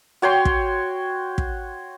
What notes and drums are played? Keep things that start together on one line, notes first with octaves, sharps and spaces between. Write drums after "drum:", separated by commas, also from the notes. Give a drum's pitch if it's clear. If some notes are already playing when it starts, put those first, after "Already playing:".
F#4 C#5 G5 C6
drum: kick
drum: kick